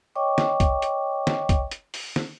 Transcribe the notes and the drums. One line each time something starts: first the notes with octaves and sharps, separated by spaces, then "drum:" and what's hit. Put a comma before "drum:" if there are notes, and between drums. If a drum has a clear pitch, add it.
C#5 D#5 G5 C#6 D6
drum: snare
drum: kick B1, hi-hat
drum: hi-hat
drum: snare
drum: kick B1, hi-hat
drum: hi-hat
drum: open hi-hat
drum: snare